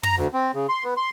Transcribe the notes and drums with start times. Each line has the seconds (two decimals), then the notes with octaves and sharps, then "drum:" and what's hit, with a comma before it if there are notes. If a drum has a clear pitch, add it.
0.03 A#5, drum: tom
0.16 D2
0.34 C4
0.54 C#3
0.69 C6
0.84 B3
0.97 C6